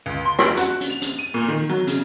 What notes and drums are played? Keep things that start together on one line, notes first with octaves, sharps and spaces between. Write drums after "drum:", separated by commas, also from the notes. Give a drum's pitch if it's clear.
C#2
C6
F2, drum: rim click
F#4, drum: hi-hat
drum: hi-hat
F7
drum: hi-hat
D#7
A#2
D#3
F#3
C#3, drum: hi-hat